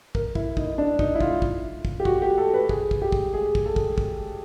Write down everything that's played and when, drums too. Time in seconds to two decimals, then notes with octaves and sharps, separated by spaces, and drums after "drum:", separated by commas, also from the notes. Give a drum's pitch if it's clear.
0.15 A#4, drum: kick
0.35 E4, drum: kick
0.57 D#4, drum: kick
0.78 D4
0.99 D#4, drum: kick
1.15 E4
1.21 F4, drum: kick
1.42 drum: kick
1.85 drum: kick
2.00 G4
2.05 F#4, drum: kick
2.22 G4
2.38 A4
2.54 B4
2.69 G#4, drum: kick
2.91 drum: kick
3.02 G4
3.12 drum: kick
3.33 G#4
3.55 drum: kick
3.66 A4
3.76 drum: kick
3.98 drum: kick